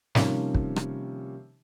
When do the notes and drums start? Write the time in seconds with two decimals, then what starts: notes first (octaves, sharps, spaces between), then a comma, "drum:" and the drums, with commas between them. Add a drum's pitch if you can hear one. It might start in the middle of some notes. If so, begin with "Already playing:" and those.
0.15 C3 D#3 F3 G3 A#3 C#4, drum: snare
0.55 drum: kick
0.76 drum: rim click